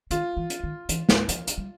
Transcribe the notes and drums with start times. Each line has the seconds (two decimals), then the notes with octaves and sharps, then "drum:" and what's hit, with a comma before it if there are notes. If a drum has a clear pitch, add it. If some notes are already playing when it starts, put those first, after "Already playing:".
0.11 D#3 F4, drum: hi-hat
0.37 E3
0.50 drum: hi-hat
0.64 D#3
0.89 E3, drum: hi-hat
1.09 drum: snare
1.29 F3, drum: hi-hat
1.47 G#3, drum: hi-hat
1.58 G3